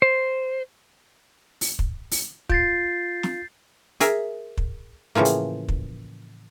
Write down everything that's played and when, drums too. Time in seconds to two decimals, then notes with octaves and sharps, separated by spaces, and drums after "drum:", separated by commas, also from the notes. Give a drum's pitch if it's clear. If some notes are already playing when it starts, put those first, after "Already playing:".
0.02 C5
1.61 drum: open hi-hat
1.79 drum: kick
2.11 drum: open hi-hat
2.50 F4 G6 A6 C7, drum: kick
3.23 drum: snare
4.00 G#4 A#4 E5, drum: hi-hat
4.57 drum: kick
5.15 A2 C#3 E3 F3 A#3
5.25 drum: hi-hat
5.69 drum: kick